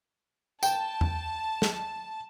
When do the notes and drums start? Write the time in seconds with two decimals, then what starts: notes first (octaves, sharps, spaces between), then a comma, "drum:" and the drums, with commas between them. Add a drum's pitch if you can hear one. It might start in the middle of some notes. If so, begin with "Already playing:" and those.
0.63 G5 A5, drum: tambourine
1.01 drum: tom E2
1.62 drum: snare